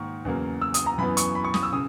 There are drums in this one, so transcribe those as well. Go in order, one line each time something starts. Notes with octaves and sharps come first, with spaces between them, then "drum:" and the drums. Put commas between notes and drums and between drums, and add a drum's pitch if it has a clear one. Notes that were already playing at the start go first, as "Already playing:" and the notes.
Already playing: G#2 D#3 A#3 C#6
E2 C#3 F#3 A#3
E6
D#6, drum: hi-hat
A#5
F#2 E3 B3 B5
C#6, drum: hi-hat
B5
C#6
D#6, drum: snare
E6
C#3 D#6